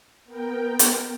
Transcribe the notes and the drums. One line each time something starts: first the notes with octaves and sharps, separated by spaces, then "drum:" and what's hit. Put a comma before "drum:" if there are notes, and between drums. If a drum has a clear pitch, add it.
B3 A#4 G5
drum: hi-hat